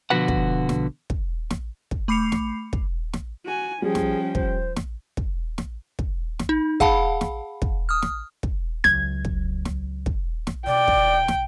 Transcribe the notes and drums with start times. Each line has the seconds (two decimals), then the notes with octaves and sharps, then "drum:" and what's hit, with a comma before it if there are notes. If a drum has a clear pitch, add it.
0.10 B2 D3 F3 F#4 B4 F#5
0.28 drum: kick
0.69 drum: snare
1.10 drum: kick
1.51 drum: snare
1.91 drum: kick
2.08 A3 B5 D6 C7 C#7 F7
2.32 drum: snare
2.73 drum: kick
3.13 drum: snare
3.45 F#4 G#5
3.82 F3 G3 C#4 G#4 G5
3.95 drum: snare
4.35 C5, drum: kick
4.76 drum: snare
5.17 drum: kick
5.58 drum: snare
5.99 drum: kick
6.39 drum: snare
6.49 D#4
6.80 G#4 F5 F#5 A5 B5, drum: kick
7.21 drum: snare
7.62 drum: kick
7.89 D#6 F6
8.02 drum: snare
8.43 drum: kick
8.84 C#2 F#3 G#6, drum: snare
9.25 drum: kick
9.65 drum: snare
10.06 drum: kick
10.47 drum: snare
10.67 B2 D5 G5
10.88 drum: kick
11.28 drum: snare